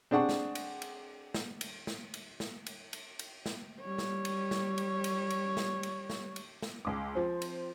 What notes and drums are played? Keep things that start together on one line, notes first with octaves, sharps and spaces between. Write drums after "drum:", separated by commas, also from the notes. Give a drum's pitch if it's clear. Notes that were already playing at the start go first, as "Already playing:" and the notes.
C4 D4 G#4 F#5 C#6
drum: snare
drum: cymbal
drum: cymbal
drum: snare
drum: cymbal
drum: snare
drum: cymbal
drum: snare
drum: cymbal
drum: cymbal
drum: cymbal
drum: snare
G3 C#5
drum: snare
drum: cymbal
drum: snare
drum: cymbal
drum: cymbal
drum: cymbal
drum: snare
drum: cymbal
drum: snare
drum: cymbal
drum: snare
C#2 D6
F3 C4
drum: cymbal